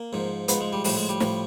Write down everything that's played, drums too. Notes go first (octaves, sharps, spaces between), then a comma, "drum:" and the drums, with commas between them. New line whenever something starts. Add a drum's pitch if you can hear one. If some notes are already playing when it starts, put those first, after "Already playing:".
Already playing: A#3
G#2 F3
G#2 F3 B3, drum: hi-hat
G#3
G3
A2 F3 G3, drum: open hi-hat
G#3
G3
A2 F3, drum: snare